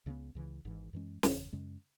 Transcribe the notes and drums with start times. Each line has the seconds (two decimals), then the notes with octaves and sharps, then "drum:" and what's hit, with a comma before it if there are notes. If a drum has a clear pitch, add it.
0.06 C#2 C#3 G#3 B3
0.35 C#2 C#3 E3
0.65 G#1 G#2 E3
0.93 F#2 E3 G#3 C#4
1.23 F#1 E2 C#3 E3, drum: snare
1.53 F#2 C#3 G#3 C#4